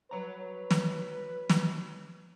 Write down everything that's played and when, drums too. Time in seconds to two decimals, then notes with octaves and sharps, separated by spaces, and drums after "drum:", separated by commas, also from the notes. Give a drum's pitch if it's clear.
0.11 F#3 B4 C#5 A#5
0.70 drum: snare
1.49 drum: snare